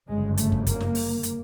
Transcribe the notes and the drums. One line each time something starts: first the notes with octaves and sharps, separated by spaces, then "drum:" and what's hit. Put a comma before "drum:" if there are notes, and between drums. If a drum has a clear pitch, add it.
G1 F#2 C#3 G#3
A3, drum: hi-hat
drum: kick
A#3, drum: kick, hi-hat
drum: snare
drum: open hi-hat
drum: hi-hat